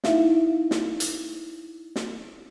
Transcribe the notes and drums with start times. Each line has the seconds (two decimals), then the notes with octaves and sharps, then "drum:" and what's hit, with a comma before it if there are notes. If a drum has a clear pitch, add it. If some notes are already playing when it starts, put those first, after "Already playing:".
0.04 D#4 E4 E5 F5, drum: snare
0.71 drum: snare
1.00 drum: hi-hat
1.96 drum: snare